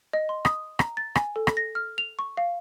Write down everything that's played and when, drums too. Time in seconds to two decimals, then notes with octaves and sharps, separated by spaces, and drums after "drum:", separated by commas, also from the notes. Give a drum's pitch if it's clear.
0.13 D#5
0.29 C6
0.45 D#6, drum: rim click
0.79 A#5, drum: rim click
0.97 A6
1.15 G#5, drum: rim click
1.36 A4
1.47 drum: rim click
1.57 A#6
1.75 F6
1.98 F7
2.19 C#6
2.37 F5